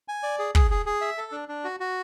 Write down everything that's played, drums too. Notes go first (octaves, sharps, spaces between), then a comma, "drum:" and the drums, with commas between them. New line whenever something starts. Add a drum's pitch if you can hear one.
G#5
D5
G#4
G#4, drum: kick
G#4
G#4
E5
A4
D4
D4
F#4
F#4